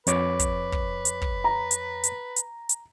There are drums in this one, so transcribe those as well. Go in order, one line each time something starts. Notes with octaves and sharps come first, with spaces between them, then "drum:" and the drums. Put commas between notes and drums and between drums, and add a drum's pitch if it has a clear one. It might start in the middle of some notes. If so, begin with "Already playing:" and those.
F2 B4 C#5 D6, drum: hi-hat
drum: kick, hi-hat
drum: kick
drum: hi-hat
drum: kick
A#5
drum: hi-hat
drum: hi-hat
drum: hi-hat
drum: hi-hat